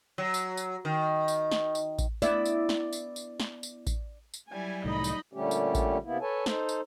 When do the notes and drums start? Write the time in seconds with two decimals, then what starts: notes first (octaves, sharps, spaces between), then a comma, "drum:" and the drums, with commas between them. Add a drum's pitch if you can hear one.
0.18 F#3
0.34 drum: tambourine
0.57 drum: tambourine
0.85 D#3
1.28 drum: tambourine
1.52 drum: snare
1.75 drum: tambourine
1.99 drum: kick A1, tambourine
2.22 B3 E4 D5, drum: tambourine
2.46 drum: tambourine
2.69 drum: snare
2.93 drum: tambourine
3.16 drum: tambourine
3.40 drum: snare
3.63 drum: tambourine
3.87 drum: kick A1, tambourine
4.34 drum: tambourine
4.50 F#3 G3 E4 G#5
4.84 C2 A2 D#3 D#4 D#5 B5
5.04 drum: tambourine
5.33 A#2 D3 G3 A3 C#4 G4
5.51 drum: tambourine
5.75 drum: kick A1, tambourine
6.04 C3 A#3 B3 E4
6.21 A4 B4 C#5 G#5 A5
6.46 D#4 A4 C5, drum: snare
6.69 drum: tambourine